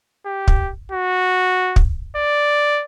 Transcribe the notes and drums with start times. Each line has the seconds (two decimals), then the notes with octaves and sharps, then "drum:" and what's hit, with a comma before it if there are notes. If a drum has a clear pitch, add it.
0.26 G4
0.48 drum: kick
0.92 F#4
1.76 drum: kick
2.17 D5